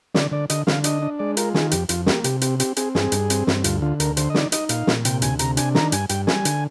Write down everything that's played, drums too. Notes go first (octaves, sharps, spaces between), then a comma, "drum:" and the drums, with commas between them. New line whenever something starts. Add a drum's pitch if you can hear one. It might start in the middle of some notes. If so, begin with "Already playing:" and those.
D3 D5, drum: snare
D3 D5
D3 D#5, drum: hi-hat
D3 F5, drum: snare
D4 D#5, drum: hi-hat
D4
G#3 D5
F4 A#4, drum: hi-hat
D#3 G#4, drum: snare
F2 G4, drum: hi-hat
F2 F4, drum: hi-hat
A#3 G4, drum: snare
C3 G4, drum: hi-hat
C4 G4, drum: hi-hat
C4 G4, drum: hi-hat
C4 G#4, drum: hi-hat
G2 G#4, drum: snare
G2, drum: hi-hat
C4, drum: hi-hat
G2, drum: snare
D2 F4, drum: hi-hat
D3 F4
D2 A#4, drum: hi-hat
D3 C5, drum: hi-hat
D#5
D#4 D5, drum: snare
D#4 D#5, drum: hi-hat
A#2 F5, drum: hi-hat
A#2, drum: snare
C3 G5, drum: hi-hat
D2 G#5, drum: hi-hat
C3 A#5, drum: hi-hat
D4 G#5, drum: hi-hat
D#3 A#5, drum: snare
G2 G#5, drum: hi-hat
G2 G5, drum: hi-hat
G3 G#5, drum: snare
D3, drum: hi-hat